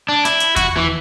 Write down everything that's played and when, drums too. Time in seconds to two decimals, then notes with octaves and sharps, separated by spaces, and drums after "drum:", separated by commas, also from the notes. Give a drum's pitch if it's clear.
0.09 D4
0.25 E4, drum: hi-hat
0.40 drum: hi-hat
0.56 F#4, drum: kick E2, hi-hat
0.77 E3